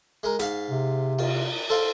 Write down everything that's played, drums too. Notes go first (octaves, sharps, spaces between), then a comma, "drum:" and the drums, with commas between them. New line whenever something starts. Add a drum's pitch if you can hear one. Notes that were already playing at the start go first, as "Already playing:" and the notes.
G#3 A#4
G#2 F5, drum: hi-hat
C3
F4, drum: cymbal
A4 C5 F5